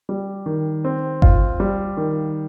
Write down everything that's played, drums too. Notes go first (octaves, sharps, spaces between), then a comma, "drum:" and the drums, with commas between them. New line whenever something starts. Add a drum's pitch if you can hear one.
G3
D#3
C4
F4, drum: kick G1
G3
D#3